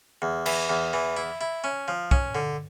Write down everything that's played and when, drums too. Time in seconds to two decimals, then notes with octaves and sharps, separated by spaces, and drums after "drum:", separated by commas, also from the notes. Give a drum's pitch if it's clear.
0.22 E2
0.46 E3, drum: cymbal
0.69 E2
0.93 E3
1.17 E4
1.41 E4
1.64 C#4
1.88 F3
2.11 C#4, drum: kick
2.35 D3